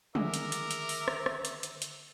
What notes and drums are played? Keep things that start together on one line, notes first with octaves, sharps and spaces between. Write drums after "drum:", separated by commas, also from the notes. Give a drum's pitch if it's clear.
D3 D#3 G#4 A#4 E5 D6, drum: tom
drum: hi-hat
drum: hi-hat
drum: hi-hat
drum: open hi-hat
drum: rim click
drum: rim click
drum: hi-hat
drum: hi-hat
drum: hi-hat